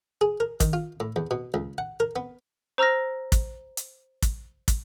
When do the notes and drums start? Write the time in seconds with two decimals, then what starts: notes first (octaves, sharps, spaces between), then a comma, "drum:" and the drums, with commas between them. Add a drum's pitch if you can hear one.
0.21 G#4
0.40 A#4
0.60 D#3, drum: kick, hi-hat
0.73 F4
1.00 A2
1.16 E2
1.31 B2
1.54 C#2
1.78 F#5
2.00 A#4
2.16 B3
2.78 C5 A#5 E6 F6 A#6
3.32 drum: kick, hi-hat
3.77 drum: hi-hat
4.22 drum: kick, hi-hat
4.68 drum: kick, hi-hat